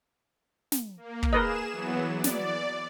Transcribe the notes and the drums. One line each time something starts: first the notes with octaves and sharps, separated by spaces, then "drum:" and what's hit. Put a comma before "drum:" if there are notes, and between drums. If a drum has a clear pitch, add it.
drum: snare
A#3
drum: kick
G#4 A#4 B4 D#5 E7
E3 F#3 B3
D5
drum: snare